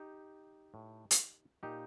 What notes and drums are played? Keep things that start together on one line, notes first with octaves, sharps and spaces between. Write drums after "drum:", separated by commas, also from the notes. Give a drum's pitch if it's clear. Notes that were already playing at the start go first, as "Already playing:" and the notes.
Already playing: D#4 G4
A2
drum: hi-hat
A#2 D#4 G4